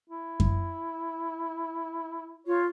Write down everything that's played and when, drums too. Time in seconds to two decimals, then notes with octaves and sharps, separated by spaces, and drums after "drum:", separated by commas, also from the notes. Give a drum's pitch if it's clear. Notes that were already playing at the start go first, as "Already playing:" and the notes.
0.09 E4
0.40 drum: kick F#2
2.47 F4 C#5